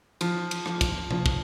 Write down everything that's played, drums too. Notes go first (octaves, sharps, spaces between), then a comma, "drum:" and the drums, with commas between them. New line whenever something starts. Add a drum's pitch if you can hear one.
F3, drum: cymbal
drum: cymbal
F3, drum: rim click
drum: kick, cymbal
F3, drum: tom C3
drum: kick